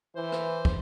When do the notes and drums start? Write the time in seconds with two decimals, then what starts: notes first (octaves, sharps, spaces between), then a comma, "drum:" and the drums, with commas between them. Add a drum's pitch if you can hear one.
0.16 E3 C5
0.32 drum: rim click
0.65 drum: kick